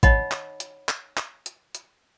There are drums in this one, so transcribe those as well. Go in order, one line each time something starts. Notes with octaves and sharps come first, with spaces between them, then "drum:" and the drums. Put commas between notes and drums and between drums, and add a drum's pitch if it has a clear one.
D#4 C#5 D#5 F#5 B5, drum: kick A1, hi-hat
drum: clap
drum: hi-hat
drum: clap
drum: clap
drum: hi-hat
drum: hi-hat